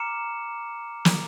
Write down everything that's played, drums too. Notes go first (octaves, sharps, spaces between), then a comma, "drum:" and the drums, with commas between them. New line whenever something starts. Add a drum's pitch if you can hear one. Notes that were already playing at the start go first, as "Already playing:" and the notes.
Already playing: A#5 D6 F6 C#7 E7
drum: snare